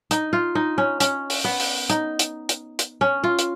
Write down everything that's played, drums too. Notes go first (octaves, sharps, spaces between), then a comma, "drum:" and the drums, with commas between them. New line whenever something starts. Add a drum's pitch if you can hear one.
D#4, drum: hi-hat
F4
D#4
C#4
C#4, drum: hi-hat
drum: open hi-hat
B3
drum: open hi-hat
D#4, drum: hi-hat
drum: hi-hat
drum: hi-hat
drum: hi-hat
C#4
F4
drum: hi-hat